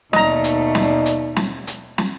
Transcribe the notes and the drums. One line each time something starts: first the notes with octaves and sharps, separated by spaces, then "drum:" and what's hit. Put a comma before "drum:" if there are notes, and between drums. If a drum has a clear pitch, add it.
D#2 B2 D#3 A3 D#4 D5 D#5 A#5, drum: snare
drum: hi-hat
drum: snare
drum: hi-hat
drum: snare
drum: hi-hat
drum: snare